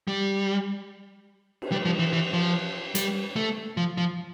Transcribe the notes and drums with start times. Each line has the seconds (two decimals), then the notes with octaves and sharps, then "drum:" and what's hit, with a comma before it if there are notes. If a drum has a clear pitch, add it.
0.08 G3
1.62 drum: cymbal
1.72 G3
1.85 F3
1.99 E3
2.13 E3
2.33 F3
2.95 G3, drum: hi-hat
3.36 A3
3.77 F3
3.98 F3